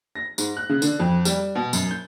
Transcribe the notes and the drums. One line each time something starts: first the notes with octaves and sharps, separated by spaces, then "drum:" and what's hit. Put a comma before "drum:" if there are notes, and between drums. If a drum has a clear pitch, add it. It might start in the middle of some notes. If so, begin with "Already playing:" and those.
A#6
G#2, drum: tambourine
F#6
C#3
D3, drum: tambourine
F2
G3, drum: tambourine
B2
F#2, drum: tambourine
G6